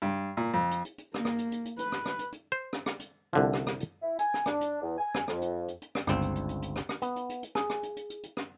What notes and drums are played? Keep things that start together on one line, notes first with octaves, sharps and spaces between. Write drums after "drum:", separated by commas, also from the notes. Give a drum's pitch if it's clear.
G2
A#2
F2
drum: hi-hat
drum: hi-hat
drum: hi-hat
A#3, drum: rim click
drum: rim click
drum: hi-hat
drum: hi-hat
drum: hi-hat
B4, drum: hi-hat
drum: rim click
drum: rim click
drum: hi-hat
drum: hi-hat
C5
drum: rim click
drum: rim click
drum: hi-hat
C2 D3 F3
drum: rim click
drum: rim click
drum: hi-hat
E4
G#5, drum: hi-hat
drum: rim click
D4, drum: rim click
drum: hi-hat
E2
G#5
drum: rim click
F2, drum: rim click
drum: hi-hat
drum: hi-hat
drum: hi-hat
drum: rim click
G1 C#2 C4, drum: rim click
drum: hi-hat
drum: hi-hat
drum: hi-hat
drum: hi-hat
drum: rim click
drum: rim click
B3, drum: hi-hat
drum: hi-hat
drum: hi-hat
drum: hi-hat
G#4, drum: rim click
drum: rim click
drum: hi-hat
drum: hi-hat
drum: hi-hat
drum: hi-hat
drum: rim click